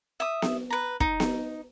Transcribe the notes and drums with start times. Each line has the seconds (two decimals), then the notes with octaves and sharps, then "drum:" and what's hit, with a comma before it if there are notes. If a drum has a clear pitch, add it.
0.20 E5 D#6
0.42 drum: snare B3
0.70 B4 A#5
1.00 D#4, drum: kick
1.20 drum: snare B3